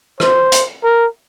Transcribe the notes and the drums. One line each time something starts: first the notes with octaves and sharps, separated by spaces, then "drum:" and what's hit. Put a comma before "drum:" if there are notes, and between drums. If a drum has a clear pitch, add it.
C5, drum: rim click
drum: hi-hat
A#4